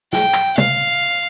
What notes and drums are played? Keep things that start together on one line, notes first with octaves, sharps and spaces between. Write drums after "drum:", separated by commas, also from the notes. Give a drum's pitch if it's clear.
G5, drum: snare
drum: clap
F5, drum: tom